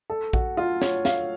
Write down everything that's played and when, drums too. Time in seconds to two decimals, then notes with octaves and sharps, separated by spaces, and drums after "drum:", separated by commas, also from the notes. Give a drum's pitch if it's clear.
0.10 A4
0.33 F#4, drum: kick A#1
0.57 F4
0.82 C#5, drum: snare
1.05 F5, drum: snare